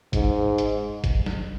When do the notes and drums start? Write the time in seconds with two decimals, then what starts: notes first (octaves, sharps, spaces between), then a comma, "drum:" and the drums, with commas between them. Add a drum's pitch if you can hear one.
0.13 G#2, drum: kick G1, hi-hat
0.58 drum: hi-hat
1.04 drum: kick G1, hi-hat
1.26 drum: snare